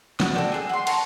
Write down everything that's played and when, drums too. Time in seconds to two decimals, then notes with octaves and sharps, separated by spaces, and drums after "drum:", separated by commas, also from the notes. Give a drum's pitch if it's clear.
0.20 F#4 E5 F#5, drum: snare
0.34 C4 A4 C5 D5
0.52 G#4 F#5 E6
0.69 F#5 C6
0.87 A5 A#5 C#6, drum: cymbal